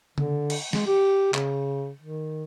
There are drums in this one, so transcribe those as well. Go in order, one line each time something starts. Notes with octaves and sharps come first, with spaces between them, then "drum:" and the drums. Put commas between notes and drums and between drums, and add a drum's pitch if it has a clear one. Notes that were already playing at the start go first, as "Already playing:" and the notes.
D3, drum: tom C#3
drum: cymbal
G#3, drum: snare
G4
C#3, drum: clap
D#3